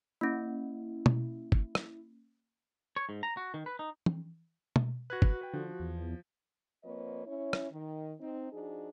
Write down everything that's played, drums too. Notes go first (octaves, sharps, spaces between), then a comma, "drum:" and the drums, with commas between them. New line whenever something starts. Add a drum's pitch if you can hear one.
A#3 C#4 E4
drum: tom B2
drum: kick
drum: rim click
C#5
G#2
A#5
F#4
D#3
B4
D#4
drum: tom
drum: tom B2
F#4 B4 F#6 G#6 A#6
drum: kick
B4 G5
D3 F3
E2
F3 A#3 C4 B4 C#5 D#5
C#4 E4 C#5
drum: rim click
D#3
C4 D#4
F3 D4 D#4 F#4 G#4